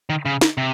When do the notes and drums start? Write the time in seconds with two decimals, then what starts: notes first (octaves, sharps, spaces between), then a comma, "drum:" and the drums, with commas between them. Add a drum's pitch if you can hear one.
0.10 D#3
0.26 C#3
0.41 drum: snare
0.57 C3